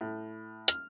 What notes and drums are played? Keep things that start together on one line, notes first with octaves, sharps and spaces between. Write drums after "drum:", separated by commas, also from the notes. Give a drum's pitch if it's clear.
A2
F6, drum: hi-hat